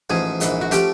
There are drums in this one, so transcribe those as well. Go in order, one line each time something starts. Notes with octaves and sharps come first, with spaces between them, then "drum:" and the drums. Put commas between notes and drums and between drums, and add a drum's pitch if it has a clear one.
A1 G#2 F3 G#4
A#1 G#2 E3, drum: hi-hat
F#4
F3 A3 C#4 G4, drum: hi-hat